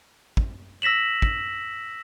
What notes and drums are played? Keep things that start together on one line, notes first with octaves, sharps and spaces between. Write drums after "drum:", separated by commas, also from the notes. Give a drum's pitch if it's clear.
drum: kick
E6 A#6 B6 E7 F#7
drum: kick